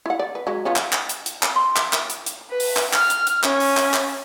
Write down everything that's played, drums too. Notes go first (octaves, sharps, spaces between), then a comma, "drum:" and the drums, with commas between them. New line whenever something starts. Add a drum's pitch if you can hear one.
E4 F#5
D5
B4
F#3 G#3
F3 B3 C#4
drum: clap
drum: clap
drum: hi-hat
drum: hi-hat
drum: clap
C6
drum: clap
drum: clap
drum: hi-hat
drum: hi-hat
B4
drum: open hi-hat
drum: clap
F6, drum: clap
drum: hi-hat
drum: hi-hat
C#4, drum: clap
drum: open hi-hat
drum: clap
drum: clap